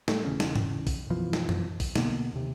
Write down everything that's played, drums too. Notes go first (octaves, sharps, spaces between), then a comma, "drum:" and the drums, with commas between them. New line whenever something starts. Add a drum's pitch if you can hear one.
A2 G3 A3, drum: snare
E1 C#3 E3 C#4
drum: snare
drum: tom G#2
drum: kick, open hi-hat
F#2 B2 E3 F3
drum: snare
drum: tom F#2
drum: kick, open hi-hat
B2 D3 A#3 B3, drum: snare
D#2 C3